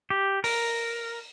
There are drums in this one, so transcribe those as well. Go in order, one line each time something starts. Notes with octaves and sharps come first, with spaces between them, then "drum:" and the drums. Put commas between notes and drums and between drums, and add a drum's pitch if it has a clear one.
G4
A#4, drum: open hi-hat